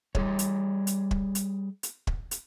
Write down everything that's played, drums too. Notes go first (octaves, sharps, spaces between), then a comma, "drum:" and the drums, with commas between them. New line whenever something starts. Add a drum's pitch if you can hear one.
G3 G#4 C#5, drum: kick
drum: hi-hat
drum: hi-hat
drum: kick
drum: hi-hat
drum: hi-hat
drum: kick
drum: hi-hat